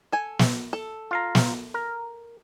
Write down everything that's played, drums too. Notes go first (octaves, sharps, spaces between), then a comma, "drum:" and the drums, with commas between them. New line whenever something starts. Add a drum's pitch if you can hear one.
A4 G#5
drum: snare
A4
F4 F5 A#5
drum: snare
A#4